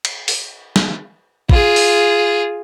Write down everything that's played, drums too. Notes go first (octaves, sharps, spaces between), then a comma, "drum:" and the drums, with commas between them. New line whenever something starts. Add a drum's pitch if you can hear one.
drum: cymbal
drum: open hi-hat
drum: snare
F4 G#4, drum: kick
drum: open hi-hat